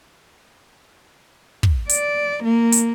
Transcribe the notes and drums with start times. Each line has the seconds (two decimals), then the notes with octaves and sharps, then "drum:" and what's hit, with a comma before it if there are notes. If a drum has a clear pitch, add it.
1.63 drum: kick
1.89 D5, drum: hi-hat
2.44 A#3
2.72 drum: hi-hat